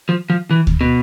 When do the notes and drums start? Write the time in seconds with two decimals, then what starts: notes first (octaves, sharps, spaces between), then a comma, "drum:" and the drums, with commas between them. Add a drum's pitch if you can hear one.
0.09 F3
0.30 F3
0.51 E3
0.67 drum: kick D2
0.81 B2